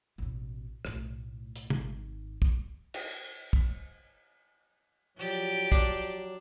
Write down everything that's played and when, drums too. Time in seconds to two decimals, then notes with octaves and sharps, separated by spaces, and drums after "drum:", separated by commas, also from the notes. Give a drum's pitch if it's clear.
0.18 A1 B2
0.85 B1 A2, drum: rim click
1.56 drum: hi-hat
1.70 G#1 D#3, drum: tom C3
2.42 drum: kick
2.94 drum: cymbal
3.53 drum: kick
5.17 F3 F#3 G4 D5
5.72 D4, drum: kick